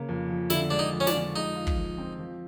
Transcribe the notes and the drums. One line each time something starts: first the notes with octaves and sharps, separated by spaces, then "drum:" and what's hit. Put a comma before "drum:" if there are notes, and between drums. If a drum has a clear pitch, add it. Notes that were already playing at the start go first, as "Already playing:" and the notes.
Already playing: C#3 A#3
F2
F3
D3 E4, drum: snare
G#3 D4
D#4
F2
C#4
D4, drum: snare
F3
G#3 D#4
F4
drum: kick
F3
C4
F3